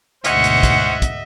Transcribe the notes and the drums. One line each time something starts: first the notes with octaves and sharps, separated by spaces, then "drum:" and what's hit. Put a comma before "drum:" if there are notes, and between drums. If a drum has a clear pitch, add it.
D2 G#2 B2 C#4 C5 D#5 E5 F#5, drum: hi-hat
drum: hi-hat
drum: kick, hi-hat
drum: kick, hi-hat